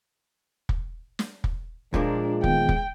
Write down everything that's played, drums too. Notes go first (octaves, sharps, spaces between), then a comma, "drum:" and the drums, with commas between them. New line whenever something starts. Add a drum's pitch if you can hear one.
drum: kick
drum: snare
drum: kick
A#2 F3 G#3 A#3 D4, drum: kick
D#3 B3 G5, drum: kick
drum: kick